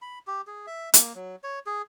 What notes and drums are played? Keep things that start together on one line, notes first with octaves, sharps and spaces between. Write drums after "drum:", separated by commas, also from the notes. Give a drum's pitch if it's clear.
B5
G4
G#4
E5
A#3, drum: hi-hat
F#3
C#5
G#4